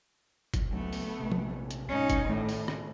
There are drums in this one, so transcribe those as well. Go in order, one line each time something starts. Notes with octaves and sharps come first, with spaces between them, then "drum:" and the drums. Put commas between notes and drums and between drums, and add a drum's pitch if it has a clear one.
drum: kick F#1, hi-hat
C#2 F#3 A3 B3
drum: open hi-hat
A#1 C3
drum: tom
drum: hi-hat
B1 G#2 C#4 D#4
drum: kick F#1, hi-hat
A2 D#3 A3
drum: open hi-hat
drum: rim click